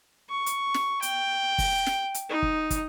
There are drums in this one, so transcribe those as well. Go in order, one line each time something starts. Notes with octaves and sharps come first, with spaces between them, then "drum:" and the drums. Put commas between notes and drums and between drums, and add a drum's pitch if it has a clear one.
C#6
drum: hi-hat
drum: snare
G5, drum: hi-hat
drum: kick, open hi-hat
drum: snare
drum: hi-hat
D#4
drum: kick
drum: kick, hi-hat